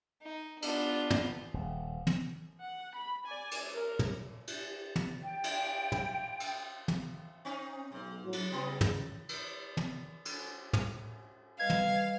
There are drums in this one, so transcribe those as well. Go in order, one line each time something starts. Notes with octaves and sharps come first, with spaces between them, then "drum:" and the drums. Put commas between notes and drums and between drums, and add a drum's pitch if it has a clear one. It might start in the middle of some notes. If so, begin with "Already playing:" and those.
D#4
B3 D4 F4, drum: cymbal
drum: tom
D#1
drum: tom
F#5
B5
D5 G#5
drum: cymbal
A#4
drum: tom
drum: cymbal
drum: tom
G5
drum: cymbal
drum: tom
drum: cymbal
drum: tom
C4 C#4 D#4
B1 G#2
A2 F#3
drum: cymbal
C#3 F#3 B3 D#5
drum: tom
drum: cymbal
drum: tom
drum: cymbal
drum: tom
G3 B4 D#5 F5 G#6
drum: tom